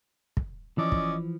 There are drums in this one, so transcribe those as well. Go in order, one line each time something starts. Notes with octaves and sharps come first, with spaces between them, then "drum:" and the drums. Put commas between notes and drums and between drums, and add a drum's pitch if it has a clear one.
drum: kick
E3 F3 C#4 D5 D#5
drum: kick